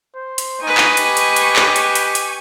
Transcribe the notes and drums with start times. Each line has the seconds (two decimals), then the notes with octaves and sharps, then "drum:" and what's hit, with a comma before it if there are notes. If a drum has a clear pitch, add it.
0.16 C5
0.38 drum: hi-hat
0.62 D#4 B4 D#5 G#5 C#6
0.77 drum: clap
0.97 G4, drum: hi-hat
1.17 drum: hi-hat
1.36 drum: hi-hat
1.56 drum: clap
1.76 drum: hi-hat
1.95 drum: hi-hat
2.15 drum: hi-hat